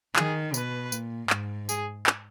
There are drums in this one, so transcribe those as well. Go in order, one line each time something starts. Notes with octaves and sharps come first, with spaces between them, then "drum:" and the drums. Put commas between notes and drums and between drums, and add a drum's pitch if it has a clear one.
D#3 G#4, drum: clap
B2 B4, drum: tambourine
A#2, drum: tambourine
G#2, drum: clap
G#4, drum: tambourine
drum: clap